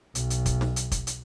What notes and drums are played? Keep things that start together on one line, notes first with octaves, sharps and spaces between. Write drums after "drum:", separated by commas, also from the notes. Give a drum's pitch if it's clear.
B1, drum: hi-hat
drum: hi-hat
drum: kick, hi-hat
drum: snare
drum: hi-hat
drum: kick, hi-hat
drum: hi-hat